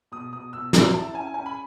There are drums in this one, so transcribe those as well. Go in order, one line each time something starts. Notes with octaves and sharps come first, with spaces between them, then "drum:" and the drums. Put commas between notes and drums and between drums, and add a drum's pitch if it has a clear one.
B2 D#6
B2 D#6
B2 E6
E4 E6, drum: snare
E4 A5
C#4 G#5
C#4 G#5
B5